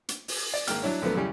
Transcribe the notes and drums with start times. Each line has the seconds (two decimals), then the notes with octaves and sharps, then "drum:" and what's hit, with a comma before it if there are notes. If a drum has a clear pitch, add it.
0.09 drum: hi-hat
0.28 drum: open hi-hat
0.54 D5
0.67 G#1 A#3 G5 F6, drum: hi-hat
0.83 F#3 D4 E4 C#5
1.02 D2 D3 F3 F#3 A3 B3
1.15 F#2 C#3 E3 G3 C#4